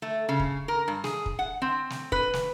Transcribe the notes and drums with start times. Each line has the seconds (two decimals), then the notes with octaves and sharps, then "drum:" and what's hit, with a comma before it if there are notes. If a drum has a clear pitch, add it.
0.02 A3
0.29 C#3
0.40 drum: kick
0.68 A#4
0.88 G2
1.04 G#4, drum: snare
1.26 drum: kick
1.39 F#5
1.62 C4
1.90 drum: snare
2.12 B4, drum: kick
2.33 drum: snare